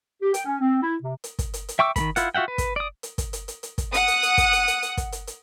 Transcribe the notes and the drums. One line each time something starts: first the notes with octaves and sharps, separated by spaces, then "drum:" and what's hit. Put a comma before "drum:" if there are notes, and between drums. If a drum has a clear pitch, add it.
G4
G5, drum: hi-hat
C#4
C4
E4
C3
drum: hi-hat
drum: kick, hi-hat
drum: hi-hat
drum: hi-hat
E5 G5 C#6 D6 E6
D#3 A3 B5, drum: kick, hi-hat
E4 F4 F#5, drum: hi-hat
F4 F#4 E5 F#5 G5
B4
drum: kick, hi-hat
D5 D#6
drum: hi-hat
drum: kick, hi-hat
drum: hi-hat
drum: hi-hat
drum: hi-hat
drum: kick, hi-hat
F#5 D#6, drum: hi-hat
drum: hi-hat
drum: hi-hat
drum: kick, hi-hat
drum: hi-hat
drum: hi-hat
drum: hi-hat
drum: kick, hi-hat
drum: hi-hat
drum: hi-hat